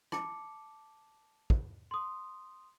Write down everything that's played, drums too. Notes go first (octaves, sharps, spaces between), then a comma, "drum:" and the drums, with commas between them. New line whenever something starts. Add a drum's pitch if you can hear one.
A5 D6 C#7, drum: rim click
drum: kick
C6 D#6